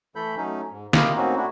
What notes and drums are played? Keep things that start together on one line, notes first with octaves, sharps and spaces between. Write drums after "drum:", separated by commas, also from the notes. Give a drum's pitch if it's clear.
E3 A3 A4 B5 G6
F#3 A3 C#4 D#4
G#2
E4 F4 G4 A#4 D#5 F5, drum: snare
A2 A#3 C4 C#4 D#4 F#4
A3 D4 E4 F#4